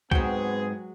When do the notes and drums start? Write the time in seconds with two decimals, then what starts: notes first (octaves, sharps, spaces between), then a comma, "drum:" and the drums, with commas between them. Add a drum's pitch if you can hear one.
0.12 G#2 F#3 G#3 B3 C4 F#4 G#4 G5, drum: kick